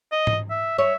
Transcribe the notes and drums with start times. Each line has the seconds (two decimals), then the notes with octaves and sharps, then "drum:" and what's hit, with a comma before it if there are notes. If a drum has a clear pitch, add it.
0.12 D#5
0.27 drum: tom G#2
0.50 E5
0.78 C#5 E5